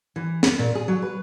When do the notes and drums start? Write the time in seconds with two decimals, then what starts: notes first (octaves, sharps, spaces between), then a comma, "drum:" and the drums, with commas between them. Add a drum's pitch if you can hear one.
0.16 E3
0.43 B3, drum: snare
0.59 A#2
0.75 G#4
0.88 F#3
1.02 B4